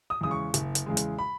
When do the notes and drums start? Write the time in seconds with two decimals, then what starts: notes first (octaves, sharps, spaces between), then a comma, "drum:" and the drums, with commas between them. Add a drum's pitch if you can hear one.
0.10 D#6
0.21 E2 C#3 G#3 D#6
0.31 C#6
0.54 F#1, drum: hi-hat
0.75 drum: hi-hat
0.86 E2 C#3 G#3
0.97 drum: hi-hat
1.19 B5